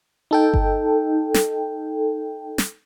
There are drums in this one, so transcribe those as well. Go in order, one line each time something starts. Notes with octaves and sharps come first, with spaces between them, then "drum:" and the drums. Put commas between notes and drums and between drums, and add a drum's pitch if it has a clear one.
D#4 A4 G5
drum: kick G1
drum: snare
drum: snare